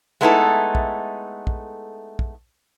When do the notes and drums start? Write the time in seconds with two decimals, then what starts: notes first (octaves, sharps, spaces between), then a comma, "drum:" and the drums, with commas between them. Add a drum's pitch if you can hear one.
0.21 G#3 A3 B3 D#4 E4 A4
0.75 drum: kick
1.47 drum: kick
2.19 drum: kick